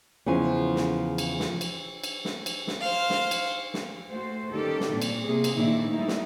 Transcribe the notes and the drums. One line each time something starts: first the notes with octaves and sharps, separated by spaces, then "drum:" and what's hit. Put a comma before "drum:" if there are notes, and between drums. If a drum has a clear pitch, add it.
E2 C#3 F3 G#5
drum: snare
drum: cymbal
drum: snare
drum: cymbal
drum: cymbal
drum: snare
drum: cymbal
drum: snare
C5 F5
drum: snare
drum: cymbal
drum: snare
A3 F#4 C5
D#3 G3 C#4 G4 A4
drum: snare
A#2 G3 C4 D4
drum: cymbal
C3 A#3 G#4
drum: cymbal
A#2 D#3 A3 A#3 D4 E4
G3 A3 D#4 E4
drum: snare